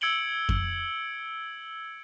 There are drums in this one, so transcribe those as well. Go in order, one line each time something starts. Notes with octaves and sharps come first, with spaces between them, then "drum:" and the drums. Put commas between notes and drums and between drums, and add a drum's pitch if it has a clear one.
E6 G#6 C#7 D7 F#7 G7
drum: kick F2